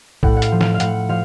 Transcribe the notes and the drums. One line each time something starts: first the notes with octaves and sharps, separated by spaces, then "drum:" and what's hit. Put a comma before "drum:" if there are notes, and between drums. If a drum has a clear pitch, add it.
A2 F#5, drum: kick A#1
F#5
F5, drum: hi-hat
F3
F5, drum: snare
F5
A2 F#5, drum: hi-hat
F3 F5